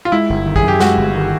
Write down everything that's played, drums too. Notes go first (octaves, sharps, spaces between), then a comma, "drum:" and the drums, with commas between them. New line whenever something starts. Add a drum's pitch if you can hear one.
F4
G#3 E4
G1
D#3
G#4, drum: kick
F#2
G4
G#3 F#4, drum: snare
G1
D#3